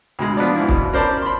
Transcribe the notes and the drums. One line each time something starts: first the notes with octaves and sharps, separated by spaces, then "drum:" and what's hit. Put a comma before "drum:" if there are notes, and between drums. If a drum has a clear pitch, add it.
D2 B2 G#3
F3 B3 D4 D5
G#2 E4
B2, drum: kick
C#4 A#4 C5 D5 A5 B5
B5 C6